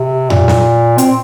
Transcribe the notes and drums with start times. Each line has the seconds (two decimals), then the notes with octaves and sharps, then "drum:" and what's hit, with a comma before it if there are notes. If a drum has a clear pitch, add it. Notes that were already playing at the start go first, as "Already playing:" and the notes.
Already playing: C3
0.30 A#2, drum: tom F2
0.48 drum: snare
0.98 C4, drum: hi-hat